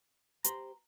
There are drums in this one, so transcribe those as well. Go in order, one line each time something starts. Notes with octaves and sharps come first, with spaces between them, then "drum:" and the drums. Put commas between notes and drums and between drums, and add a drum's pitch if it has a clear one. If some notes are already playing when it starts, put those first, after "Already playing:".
G4 C5 A#5 C6, drum: hi-hat